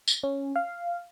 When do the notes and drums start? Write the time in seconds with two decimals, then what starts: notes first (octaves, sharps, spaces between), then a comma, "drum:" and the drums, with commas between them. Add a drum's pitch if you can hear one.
0.08 drum: tambourine
0.23 C#4
0.56 F5